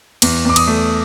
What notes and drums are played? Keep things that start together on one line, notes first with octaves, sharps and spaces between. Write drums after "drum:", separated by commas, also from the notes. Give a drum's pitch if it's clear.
E2, drum: cymbal
E2 D6
D#6, drum: cymbal
A3